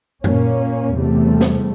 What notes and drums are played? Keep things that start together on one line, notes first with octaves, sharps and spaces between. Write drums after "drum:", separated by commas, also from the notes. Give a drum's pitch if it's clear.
A#2 A#3 C#4, drum: tom F#2
E2 C3 G3 A3
drum: snare